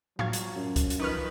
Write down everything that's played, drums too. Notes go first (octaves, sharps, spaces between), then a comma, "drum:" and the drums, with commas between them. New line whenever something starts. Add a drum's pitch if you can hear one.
F3 F#3 F5 C#6 G#6, drum: tom A2
drum: hi-hat
F#2
drum: kick, hi-hat
drum: hi-hat
D#3 F3 D#4 B4 C#6 F6